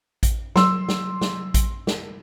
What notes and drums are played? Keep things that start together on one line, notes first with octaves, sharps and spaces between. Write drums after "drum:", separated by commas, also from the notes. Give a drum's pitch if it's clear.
drum: kick A1, hi-hat
F#3 C6 E6, drum: snare
drum: snare
drum: snare
drum: kick A1, hi-hat
drum: snare